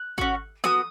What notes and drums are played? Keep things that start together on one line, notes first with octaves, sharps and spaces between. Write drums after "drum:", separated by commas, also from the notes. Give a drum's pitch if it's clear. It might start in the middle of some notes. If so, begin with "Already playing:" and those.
Already playing: F#6
C#4 F#4, drum: kick G#1
B3 F#4 D#6, drum: snare